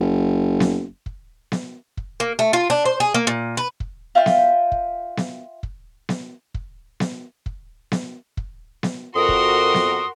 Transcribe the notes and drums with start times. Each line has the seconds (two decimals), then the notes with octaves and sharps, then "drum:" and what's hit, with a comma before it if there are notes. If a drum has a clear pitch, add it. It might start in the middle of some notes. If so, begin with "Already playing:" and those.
0.01 F#1
0.60 drum: snare B3
1.06 drum: kick
1.52 drum: snare B3
1.97 drum: kick
2.20 A#3
2.39 A3
2.53 F4
2.70 D4
2.85 C5
3.00 G#4
3.15 A#3
3.27 A#2
3.57 B4
3.80 drum: kick
4.15 F4 E5 G5 F6
4.26 drum: snare B3
4.72 drum: kick
5.17 drum: snare B3
5.63 drum: kick
6.09 drum: snare B3
6.54 drum: kick
7.00 drum: snare B3
7.46 drum: kick
7.92 drum: snare B3
8.37 drum: kick
8.83 drum: snare B3
9.16 F2 F#4 A#4 C6 D#6
9.29 drum: kick
9.74 drum: snare B3